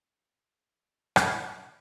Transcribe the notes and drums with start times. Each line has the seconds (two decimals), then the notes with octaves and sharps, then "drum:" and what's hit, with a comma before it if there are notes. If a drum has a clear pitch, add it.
0.11 F3 G4 B4
0.48 F#3 G3 D4
0.83 F#2 D5
1.16 drum: rim click
1.40 G4